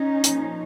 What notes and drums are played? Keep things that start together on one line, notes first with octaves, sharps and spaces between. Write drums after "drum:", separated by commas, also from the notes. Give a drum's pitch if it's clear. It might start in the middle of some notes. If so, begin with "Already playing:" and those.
Already playing: C#4 D#4
A#2 F3, drum: hi-hat